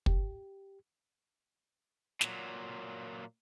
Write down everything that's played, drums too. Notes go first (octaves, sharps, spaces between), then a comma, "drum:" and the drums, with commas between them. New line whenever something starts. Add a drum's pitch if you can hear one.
G4, drum: kick
A#2 F#3, drum: snare